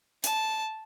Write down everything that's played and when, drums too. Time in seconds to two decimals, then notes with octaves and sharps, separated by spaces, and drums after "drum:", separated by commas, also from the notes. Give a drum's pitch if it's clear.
0.24 A5, drum: hi-hat